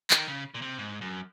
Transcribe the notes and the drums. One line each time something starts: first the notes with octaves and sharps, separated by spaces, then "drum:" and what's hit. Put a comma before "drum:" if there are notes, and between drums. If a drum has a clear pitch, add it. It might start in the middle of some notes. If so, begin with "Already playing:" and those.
D#3, drum: clap
C#3
A#2
C3
G#2
F#2